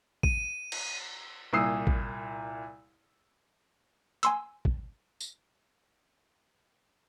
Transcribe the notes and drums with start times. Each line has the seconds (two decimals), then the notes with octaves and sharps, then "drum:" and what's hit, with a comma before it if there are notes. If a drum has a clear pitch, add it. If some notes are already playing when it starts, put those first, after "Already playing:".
0.23 D#7, drum: kick
0.72 drum: cymbal
1.53 C2 A#2 D#6 E6 C7
1.87 drum: kick
4.23 G#5 C6 E6, drum: hi-hat
4.65 drum: kick
5.20 drum: tambourine